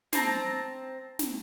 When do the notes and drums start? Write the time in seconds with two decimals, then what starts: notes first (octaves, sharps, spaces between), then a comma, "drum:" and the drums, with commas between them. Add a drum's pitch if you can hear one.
0.13 C4 A5 A#5, drum: snare
1.19 drum: snare